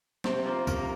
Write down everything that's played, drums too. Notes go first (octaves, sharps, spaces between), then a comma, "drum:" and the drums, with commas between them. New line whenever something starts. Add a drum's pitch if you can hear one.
C3 C4 C5, drum: snare
F3 A#3
C3 A#3 A#4, drum: kick, tambourine